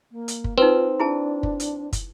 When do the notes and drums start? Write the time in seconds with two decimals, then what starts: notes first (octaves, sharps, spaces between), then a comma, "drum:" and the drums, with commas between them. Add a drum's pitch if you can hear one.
0.11 A#3
0.28 drum: hi-hat
0.44 drum: kick
0.58 C4 D#4 F4 B4
1.00 D4 E4 G#4 A5
1.43 drum: kick
1.60 drum: hi-hat
1.93 drum: kick, hi-hat